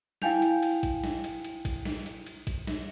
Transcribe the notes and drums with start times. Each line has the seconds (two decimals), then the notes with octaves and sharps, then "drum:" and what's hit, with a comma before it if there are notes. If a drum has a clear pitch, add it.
0.22 E4 F5 G5 G#5 G6 F7, drum: snare
0.42 drum: cymbal
0.63 drum: cymbal
0.83 drum: kick A1, cymbal
1.04 drum: snare
1.24 drum: cymbal
1.45 drum: cymbal
1.65 drum: kick A1, cymbal
1.85 drum: snare
2.06 drum: cymbal
2.26 drum: cymbal
2.47 drum: kick A1, cymbal
2.67 drum: snare